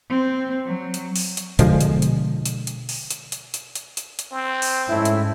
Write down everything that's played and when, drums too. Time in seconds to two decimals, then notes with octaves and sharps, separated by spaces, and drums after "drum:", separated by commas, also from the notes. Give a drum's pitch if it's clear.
0.10 C4
0.66 F#3
0.94 drum: hi-hat
1.16 drum: open hi-hat
1.37 drum: hi-hat
1.59 B2 D3 F3 G#3, drum: hi-hat
1.81 drum: hi-hat
2.02 drum: hi-hat
2.45 drum: hi-hat
2.67 drum: hi-hat
2.89 drum: open hi-hat
3.10 drum: hi-hat
3.32 drum: hi-hat
3.54 drum: hi-hat
3.75 drum: hi-hat
3.97 drum: hi-hat
4.19 drum: hi-hat
4.32 C4
4.62 drum: open hi-hat
4.88 G#2 A3 C#4 E4
5.05 drum: hi-hat